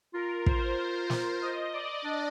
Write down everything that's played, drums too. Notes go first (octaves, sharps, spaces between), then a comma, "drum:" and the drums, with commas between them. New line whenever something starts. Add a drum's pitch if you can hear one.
F4 A#4
C5, drum: kick
drum: snare
D#5
D5
D4